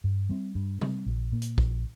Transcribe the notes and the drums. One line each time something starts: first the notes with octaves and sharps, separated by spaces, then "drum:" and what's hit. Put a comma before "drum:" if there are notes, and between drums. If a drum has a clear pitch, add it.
G2
G3 C4
G2
G3 C4, drum: tom C3
A#1
A#2 A#3
drum: hi-hat
A#1, drum: kick